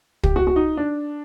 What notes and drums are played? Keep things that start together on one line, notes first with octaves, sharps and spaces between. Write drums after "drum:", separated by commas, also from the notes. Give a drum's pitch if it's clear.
G4, drum: kick
F#4
F#4
D#4
D4